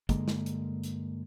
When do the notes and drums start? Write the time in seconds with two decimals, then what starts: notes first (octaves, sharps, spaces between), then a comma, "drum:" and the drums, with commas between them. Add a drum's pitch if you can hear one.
0.09 G2 D3 G#3 A#3, drum: kick, hi-hat
0.28 drum: snare
0.46 drum: hi-hat
0.84 drum: hi-hat